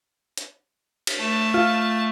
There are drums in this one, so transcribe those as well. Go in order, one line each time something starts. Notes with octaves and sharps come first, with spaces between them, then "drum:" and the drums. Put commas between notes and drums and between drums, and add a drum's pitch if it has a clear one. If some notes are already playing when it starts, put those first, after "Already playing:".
drum: hi-hat
drum: cymbal
A3 A5
F4